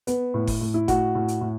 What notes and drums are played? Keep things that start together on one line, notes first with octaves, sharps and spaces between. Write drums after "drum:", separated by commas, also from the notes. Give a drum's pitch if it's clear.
B3, drum: hi-hat
A2
drum: kick F#1, open hi-hat
A2
E4
A2 F#4, drum: kick F#1, hi-hat
A2
drum: hi-hat
A2